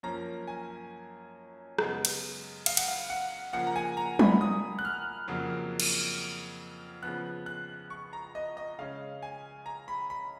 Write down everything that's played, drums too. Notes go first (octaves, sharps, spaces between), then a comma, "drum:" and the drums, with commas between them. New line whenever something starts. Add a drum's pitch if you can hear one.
F#2 F3 A#3 C#4 A#5
G#5
F#2 C#3 G#3 B3, drum: rim click
drum: cymbal
F5, drum: cymbal
F#5, drum: cymbal
F5
F#5
C#3 F3 A#3 F#5
A#5
G#5
A#5
B5, drum: tom F#3
D#6
F#6
F6
F2 C#3 F#3 A#3
drum: cymbal
C#3 F3 B3 F#6
F#6
C#6
A#5
D#5
D#5
C#3 G#3 C#4 F5
G#5
A#5
B5
B5